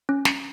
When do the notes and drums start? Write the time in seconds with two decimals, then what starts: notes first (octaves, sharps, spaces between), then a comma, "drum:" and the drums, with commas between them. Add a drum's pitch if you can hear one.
0.09 C#4
0.25 drum: snare